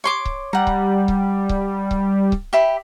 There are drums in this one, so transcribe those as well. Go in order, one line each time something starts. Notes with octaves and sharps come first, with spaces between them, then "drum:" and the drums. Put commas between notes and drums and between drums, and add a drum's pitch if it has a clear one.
C#5 C6 D6
drum: kick C#1
G3 F#5 A#5
drum: kick C#1
drum: kick C#1
drum: kick C#1
drum: kick C#1
drum: kick C#1
G4 E5 B5